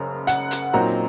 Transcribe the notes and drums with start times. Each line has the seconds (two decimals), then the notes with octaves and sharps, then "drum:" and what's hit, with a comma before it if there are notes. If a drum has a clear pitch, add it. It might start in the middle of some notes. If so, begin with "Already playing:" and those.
Already playing: F#1 F#2 C#3 A#5
0.27 F#5, drum: hi-hat
0.51 drum: hi-hat
0.74 A#2 F#3 C4 D#4 A#5